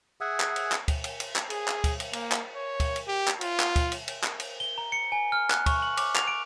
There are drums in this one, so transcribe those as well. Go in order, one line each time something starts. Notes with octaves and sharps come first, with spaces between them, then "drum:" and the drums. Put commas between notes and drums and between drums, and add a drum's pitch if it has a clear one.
G#4 E5 F#5 G#5
drum: clap
drum: cymbal
drum: clap
drum: kick, cymbal
drum: cymbal
drum: cymbal
drum: clap
G#4, drum: cymbal
drum: clap
drum: kick, cymbal
drum: cymbal
A#3, drum: cymbal
drum: clap
C#5
drum: kick, cymbal
drum: cymbal
G4
drum: clap
F4, drum: cymbal
drum: clap
drum: kick, cymbal
drum: cymbal
drum: cymbal
drum: clap
drum: cymbal
G7
A#5
C#7
G#5
F6
F#6, drum: clap
C#6, drum: kick, cymbal
F#7
D6, drum: cymbal
F7, drum: clap
D7